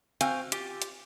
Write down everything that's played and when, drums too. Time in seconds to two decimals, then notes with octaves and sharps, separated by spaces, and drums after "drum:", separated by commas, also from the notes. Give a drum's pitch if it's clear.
0.21 C4 F#4 C5 F5 G5 G#5, drum: hi-hat
0.52 F4 G4, drum: hi-hat
0.82 drum: hi-hat